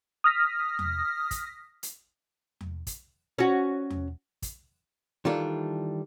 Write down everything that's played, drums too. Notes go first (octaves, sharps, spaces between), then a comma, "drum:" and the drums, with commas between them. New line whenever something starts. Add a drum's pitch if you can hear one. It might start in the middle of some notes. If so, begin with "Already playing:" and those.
D#6 F6 A#6 B6
drum: tom E2
drum: kick, hi-hat
drum: hi-hat
drum: tom E2
drum: kick, hi-hat
C#4 F#4
drum: tom E2
drum: kick, hi-hat
D#3 E3 G3 D4 F4 A4